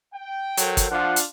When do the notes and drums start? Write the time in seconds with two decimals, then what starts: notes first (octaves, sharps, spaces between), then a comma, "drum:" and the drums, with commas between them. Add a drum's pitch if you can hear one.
0.14 G5
0.57 F#3 A4 A#4 C5, drum: hi-hat
0.77 drum: kick, hi-hat
0.91 F3 D4 F4 F#5
1.16 drum: hi-hat